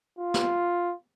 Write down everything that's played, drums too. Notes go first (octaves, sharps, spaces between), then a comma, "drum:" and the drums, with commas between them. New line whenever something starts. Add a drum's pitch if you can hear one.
F4
drum: snare